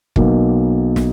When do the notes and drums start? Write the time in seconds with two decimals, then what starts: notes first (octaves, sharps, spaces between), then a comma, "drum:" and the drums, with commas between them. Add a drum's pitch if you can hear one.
0.16 B1 B2 F#3 A#3, drum: kick
0.96 drum: snare